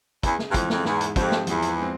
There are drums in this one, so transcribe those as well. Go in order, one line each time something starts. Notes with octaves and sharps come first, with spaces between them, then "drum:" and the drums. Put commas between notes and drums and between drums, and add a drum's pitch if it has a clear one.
E2 C#3, drum: kick, hi-hat
drum: snare
G2
F2 E3 G#3, drum: kick, hi-hat
F2, drum: snare
E2 G#2, drum: snare
drum: hi-hat
F2 F3 C4 G4 C5, drum: kick, hi-hat
drum: snare
E2 F3, drum: hi-hat
drum: hi-hat
G#3 C4